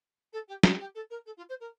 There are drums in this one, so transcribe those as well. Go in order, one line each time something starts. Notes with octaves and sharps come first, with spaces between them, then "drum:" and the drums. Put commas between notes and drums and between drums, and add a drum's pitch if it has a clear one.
A4
G4
F4, drum: snare
G4
A4
A#4
A4
F4
C5
A#4